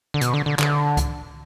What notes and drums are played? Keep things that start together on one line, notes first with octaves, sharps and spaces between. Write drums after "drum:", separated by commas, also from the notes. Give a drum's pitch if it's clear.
D3
B2, drum: hi-hat
D3
D3
D3, drum: clap
drum: kick C#2, hi-hat